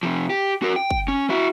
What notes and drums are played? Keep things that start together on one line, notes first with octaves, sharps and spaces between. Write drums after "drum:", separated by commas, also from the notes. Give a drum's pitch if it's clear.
C3 F3
G4
F#4 A#4
G5
drum: kick
C#4
E4 F#4